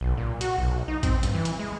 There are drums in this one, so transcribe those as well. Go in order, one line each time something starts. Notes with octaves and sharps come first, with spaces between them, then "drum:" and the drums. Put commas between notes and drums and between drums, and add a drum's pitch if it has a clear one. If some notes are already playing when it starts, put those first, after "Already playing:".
B1
A#2
F#4, drum: hi-hat
B1
D#4
C4, drum: kick A1, hi-hat
G2, drum: hi-hat
E3
drum: hi-hat
G#3